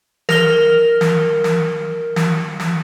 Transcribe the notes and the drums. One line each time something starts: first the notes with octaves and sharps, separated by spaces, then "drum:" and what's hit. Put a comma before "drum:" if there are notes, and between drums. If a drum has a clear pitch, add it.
A#4 F6 G7, drum: snare
drum: snare
drum: snare
drum: snare
drum: snare